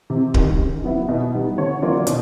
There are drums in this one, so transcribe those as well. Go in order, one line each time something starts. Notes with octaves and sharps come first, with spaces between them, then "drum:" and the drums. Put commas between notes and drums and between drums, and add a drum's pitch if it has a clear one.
C3
D#3 G3, drum: kick D1
C#3
F#3 B3 E4
B2
G3 B3 D#4
D3 C#5
F#3 A#3 D4 F4 D5
B2, drum: hi-hat